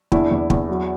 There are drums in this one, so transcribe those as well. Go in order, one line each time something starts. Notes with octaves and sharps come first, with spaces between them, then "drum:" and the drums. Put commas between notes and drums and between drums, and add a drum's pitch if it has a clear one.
E2 D4 E4, drum: kick
E2
E2, drum: kick
F#3